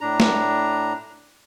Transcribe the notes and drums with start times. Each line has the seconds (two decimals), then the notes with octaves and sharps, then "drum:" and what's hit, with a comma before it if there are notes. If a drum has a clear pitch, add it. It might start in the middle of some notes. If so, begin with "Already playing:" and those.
0.01 A2 D4 A#5
0.20 drum: snare